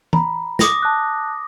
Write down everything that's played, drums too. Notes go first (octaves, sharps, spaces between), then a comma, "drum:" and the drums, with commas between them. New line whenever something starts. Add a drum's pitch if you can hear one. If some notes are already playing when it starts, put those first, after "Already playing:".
A#5 B5, drum: tom
D6 D#6 A#6, drum: snare
A5 F#6